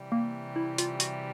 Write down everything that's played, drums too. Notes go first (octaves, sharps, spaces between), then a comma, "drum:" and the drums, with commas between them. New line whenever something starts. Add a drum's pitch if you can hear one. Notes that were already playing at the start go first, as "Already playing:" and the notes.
Already playing: C3 E3 G3
A#3
E4
F4, drum: hi-hat
F#4, drum: hi-hat